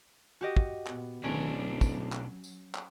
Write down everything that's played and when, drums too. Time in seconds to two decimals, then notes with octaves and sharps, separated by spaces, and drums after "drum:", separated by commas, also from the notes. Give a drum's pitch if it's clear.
0.41 F#4 G4 D#5
0.57 drum: kick
0.87 A#2 B3, drum: clap
1.24 D1 B1 D#3 C#4 D4
1.59 F#3
1.81 drum: kick, tambourine
2.12 drum: clap
2.44 drum: tambourine
2.75 drum: clap